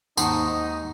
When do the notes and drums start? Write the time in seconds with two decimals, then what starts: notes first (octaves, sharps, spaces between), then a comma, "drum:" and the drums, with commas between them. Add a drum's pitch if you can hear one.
0.17 D#2 G#2 D#4 F#5 A5 C6 C#6, drum: tambourine